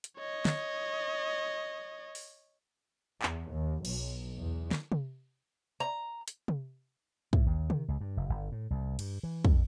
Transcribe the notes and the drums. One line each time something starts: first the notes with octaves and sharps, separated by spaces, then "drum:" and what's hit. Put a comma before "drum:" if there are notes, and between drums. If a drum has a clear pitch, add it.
drum: hi-hat
C#5 D#5
drum: snare
drum: open hi-hat
E2, drum: clap
D#2
B1, drum: cymbal
E2
drum: snare
drum: tom C3
A#5
drum: hi-hat
drum: tom C3
A2, drum: kick
D#2
D#3, drum: tom C3
C#2
G2
F1
G1
A2
C2
G2, drum: cymbal
E3
F2, drum: kick